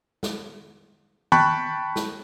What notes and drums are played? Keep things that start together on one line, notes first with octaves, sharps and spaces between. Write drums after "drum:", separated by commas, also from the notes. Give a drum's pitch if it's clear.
drum: snare
G5 A5 B5 C#6 F#6, drum: tom D#3
drum: snare